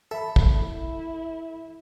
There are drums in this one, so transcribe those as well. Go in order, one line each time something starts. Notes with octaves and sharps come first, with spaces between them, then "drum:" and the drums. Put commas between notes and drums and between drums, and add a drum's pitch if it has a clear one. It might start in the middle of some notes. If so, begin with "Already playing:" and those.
A4 E5 B5
drum: kick
E4